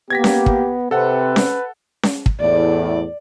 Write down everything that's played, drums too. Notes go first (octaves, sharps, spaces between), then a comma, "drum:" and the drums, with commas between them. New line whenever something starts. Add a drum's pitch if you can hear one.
A#3 B3 G4 G#6 A#6 B6
drum: snare C#4
drum: kick
C3 C4 A4 B4 F#5
drum: snare C#4
drum: snare C#4
drum: kick
E2 A2 D5